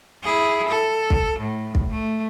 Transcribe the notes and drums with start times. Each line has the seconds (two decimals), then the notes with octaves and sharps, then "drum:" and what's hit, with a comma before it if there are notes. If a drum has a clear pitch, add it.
0.23 E4 G#4
0.69 A4
1.10 drum: kick
1.39 A2
1.75 drum: kick
1.91 A3